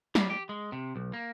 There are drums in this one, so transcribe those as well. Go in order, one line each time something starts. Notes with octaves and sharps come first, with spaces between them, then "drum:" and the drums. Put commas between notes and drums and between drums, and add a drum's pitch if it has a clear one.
G3, drum: snare
G4
G#3
C3
B1
A#3